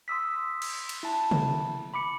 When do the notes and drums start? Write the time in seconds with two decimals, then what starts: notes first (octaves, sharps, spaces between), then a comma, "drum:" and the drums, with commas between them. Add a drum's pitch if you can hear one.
0.08 C6 D#6 E6 B6
0.62 drum: cymbal
0.89 drum: cymbal
1.03 E4 A5
1.31 drum: tom C3
1.94 B5 D6 C#7